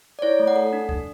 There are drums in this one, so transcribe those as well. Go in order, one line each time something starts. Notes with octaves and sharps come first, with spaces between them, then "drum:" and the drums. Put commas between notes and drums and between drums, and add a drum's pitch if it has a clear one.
D5
E4 C#5
A3
F#5
A4
D4
D4, drum: kick C2